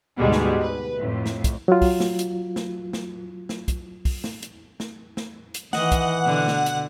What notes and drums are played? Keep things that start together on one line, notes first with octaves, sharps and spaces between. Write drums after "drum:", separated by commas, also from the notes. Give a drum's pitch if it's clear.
D2 G#2 B2 G3 G#3
drum: snare
B4
F2 A2
drum: snare
drum: kick, hi-hat
F#3 F4
drum: kick, open hi-hat
drum: snare
drum: hi-hat
drum: snare
drum: snare
drum: snare
drum: kick, hi-hat
drum: kick, open hi-hat
drum: snare
drum: hi-hat
drum: snare
drum: snare
drum: hi-hat
D#3 E3 D#5 F#5, drum: snare
drum: kick, hi-hat
B2 D3
drum: snare
drum: hi-hat